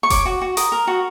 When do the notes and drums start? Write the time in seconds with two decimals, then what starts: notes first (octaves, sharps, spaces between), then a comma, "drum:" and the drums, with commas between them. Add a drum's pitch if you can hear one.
0.03 C#6
0.10 C#5 D6, drum: kick F1, hi-hat
0.26 F#4
0.41 F#4
0.57 A#4 D#6, drum: hi-hat
0.72 A#4
0.87 F#4